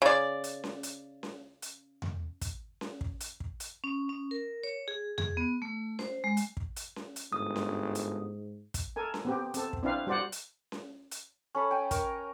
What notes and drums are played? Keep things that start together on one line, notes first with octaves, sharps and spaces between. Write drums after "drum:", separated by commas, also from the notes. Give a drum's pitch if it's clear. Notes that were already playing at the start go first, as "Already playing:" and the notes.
C#3 D5
drum: hi-hat
drum: snare C#4
drum: hi-hat
drum: snare C#4
drum: hi-hat
drum: tom E2
drum: kick, hi-hat
drum: snare C#4
drum: kick
drum: hi-hat
drum: kick
drum: hi-hat
C#4
C#4
A#4
C#5
G#4
G#4, drum: tom E2
B3
A3
C5, drum: snare C#4
G#3
drum: hi-hat
drum: kick
drum: hi-hat
drum: snare C#4
drum: hi-hat
G1 G#2 D#6
drum: snare C#4
drum: hi-hat
drum: kick, hi-hat
A4 A#4 G#5
drum: snare C#4
B3 C4 G4
C4 A4, drum: hi-hat
drum: kick
C4 D4 E4 B4 F5
G3 F#4 C5 D5 F#5
drum: hi-hat
drum: snare C#4
drum: hi-hat
C#4 A4 B5
G5 G#5
A#4 C#6, drum: kick, hi-hat